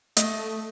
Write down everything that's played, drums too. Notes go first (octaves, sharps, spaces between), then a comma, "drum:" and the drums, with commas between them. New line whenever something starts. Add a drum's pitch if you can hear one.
A3 D#5, drum: hi-hat